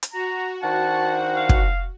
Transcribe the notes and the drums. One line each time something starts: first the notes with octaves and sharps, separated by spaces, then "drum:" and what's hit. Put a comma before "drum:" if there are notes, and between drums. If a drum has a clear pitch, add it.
drum: hi-hat
F#4 A#5
D#3 D4 C5 F#5 A5
F5
drum: kick